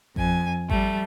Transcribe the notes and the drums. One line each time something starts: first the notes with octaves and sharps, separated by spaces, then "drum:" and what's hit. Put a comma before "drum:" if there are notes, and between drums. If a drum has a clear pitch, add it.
F2 G#5, drum: kick G#1
G3 A3, drum: kick G#1